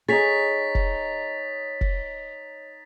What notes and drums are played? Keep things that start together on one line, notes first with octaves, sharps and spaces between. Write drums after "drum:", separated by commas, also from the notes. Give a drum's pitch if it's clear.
D#4 G#4 C#5 A6 B6 F7
drum: kick
drum: kick